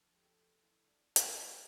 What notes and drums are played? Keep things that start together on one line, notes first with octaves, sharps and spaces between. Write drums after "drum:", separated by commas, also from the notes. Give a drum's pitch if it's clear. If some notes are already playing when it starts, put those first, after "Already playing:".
Already playing: D2 D3 F3 A4
G4
A4
G4
E4
D4
drum: hi-hat